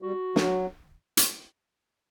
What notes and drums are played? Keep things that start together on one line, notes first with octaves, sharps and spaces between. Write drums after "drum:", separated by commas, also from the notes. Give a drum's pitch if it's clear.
G3 F#4
F#3, drum: snare
drum: hi-hat